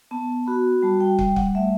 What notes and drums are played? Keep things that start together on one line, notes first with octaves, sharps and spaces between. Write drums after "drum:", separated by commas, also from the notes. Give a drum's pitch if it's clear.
B3 A5
F#4 B5
G3 A5
G5
G3 G5, drum: kick
F#5, drum: kick
A3 E5